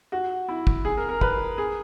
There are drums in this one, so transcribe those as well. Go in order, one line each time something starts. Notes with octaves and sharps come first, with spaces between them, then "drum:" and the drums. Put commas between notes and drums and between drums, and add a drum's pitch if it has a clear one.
F#4
E4
drum: kick
G#4
A#4
A#4
B4, drum: kick
G#4